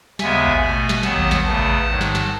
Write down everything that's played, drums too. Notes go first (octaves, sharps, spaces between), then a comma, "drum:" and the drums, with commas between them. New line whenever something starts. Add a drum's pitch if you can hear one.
D#2 C#3 G#3 B3 E5 G#5, drum: snare
drum: kick A1
B2 A3 G#5 B5
drum: snare
D#2 D#3 F#3 B3 F#5 A5, drum: snare
drum: kick A1
drum: snare
E2 C#3 E3 A3 F#5 A5
drum: kick A1
G#2 D#3 F#3
drum: snare
drum: snare